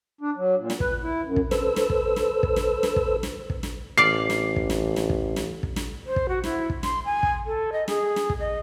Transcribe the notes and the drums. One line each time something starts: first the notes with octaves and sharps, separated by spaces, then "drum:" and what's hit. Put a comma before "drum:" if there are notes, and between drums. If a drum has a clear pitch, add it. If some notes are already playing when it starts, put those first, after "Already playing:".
D4
F#3
A#2
drum: snare
B4, drum: kick
E4
F#2
drum: kick
A4 B4 C5 E6, drum: snare
drum: snare
drum: kick
drum: snare
drum: kick
drum: snare
drum: snare
drum: kick
drum: snare
drum: kick
drum: snare
A1 D5 F5 C7
drum: snare
drum: kick
drum: snare
drum: snare
drum: kick
drum: snare
drum: kick
drum: snare
C5
drum: kick
F#4
E4, drum: snare
drum: kick
C6, drum: snare
G#5
drum: kick
A4
D#5
G#4, drum: snare
drum: snare
drum: kick
D#5